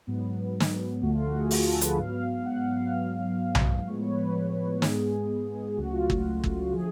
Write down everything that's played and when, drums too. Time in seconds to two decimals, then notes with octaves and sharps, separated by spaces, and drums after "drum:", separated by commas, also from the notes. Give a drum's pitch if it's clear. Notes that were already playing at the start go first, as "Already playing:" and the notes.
0.07 G#2 F#3 B3
0.60 drum: snare
1.02 D2 D3 F3 A3 F#4
1.14 F4
1.26 F#4
1.39 G#4
1.51 G#4, drum: open hi-hat
1.66 A4
1.81 B4, drum: hi-hat
1.97 G#2 F#3 B3 F5
2.14 F5
2.29 F5
2.45 F#5
2.60 F5
2.76 F5
2.93 G#2 F#3 B3 F5
3.55 drum: tom B1
3.87 A2 F3 G#3 B3 C#5
4.02 C#5
4.11 B4
4.23 B4
4.35 B4
4.82 G#2 G#3 B3 G#4, drum: snare
5.77 C#2 C#3 F#3 A3 F#4
5.93 F4
6.10 F#4, drum: kick
6.44 drum: kick
6.73 D3 F3 A3 G#4